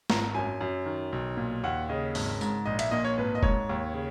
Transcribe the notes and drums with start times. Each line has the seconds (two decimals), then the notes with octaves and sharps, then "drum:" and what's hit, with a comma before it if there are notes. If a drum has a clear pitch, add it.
0.10 G#1 A#5, drum: snare
0.34 F#2 G#5
0.61 F#2
0.86 D#3
1.12 B1
1.37 A#2
1.64 D#2 F#5
1.89 C#3 D#5
2.15 G#1, drum: open hi-hat
2.41 G#2, drum: tambourine
2.65 A#1 D#5
2.79 E5, drum: cymbal
2.91 A#2 D#5
3.05 C#5
3.18 G#1 B4
3.35 D#5
3.43 G#2 C#5, drum: kick F1
3.69 D#2
3.94 C#3